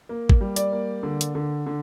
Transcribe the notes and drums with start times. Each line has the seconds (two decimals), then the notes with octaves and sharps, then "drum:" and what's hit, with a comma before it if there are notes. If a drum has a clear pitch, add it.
0.09 A#3
0.29 drum: kick G#1
0.41 G3
0.56 D5, drum: hi-hat
0.72 A#3
1.03 D3
1.21 drum: hi-hat
1.35 D3
1.66 D3